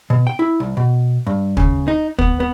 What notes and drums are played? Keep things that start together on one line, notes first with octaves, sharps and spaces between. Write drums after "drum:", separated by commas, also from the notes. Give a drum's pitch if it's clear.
B2
G5
E4
C2
B2
G2
C#3, drum: kick
D#4
B3, drum: kick
B3